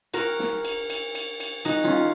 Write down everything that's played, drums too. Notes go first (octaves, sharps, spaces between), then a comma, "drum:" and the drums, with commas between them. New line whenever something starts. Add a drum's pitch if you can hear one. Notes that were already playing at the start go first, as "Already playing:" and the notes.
F#4 A#4, drum: cymbal
drum: snare
drum: cymbal
drum: cymbal
drum: cymbal
drum: cymbal
D#4 F#4, drum: cymbal
C#4 F4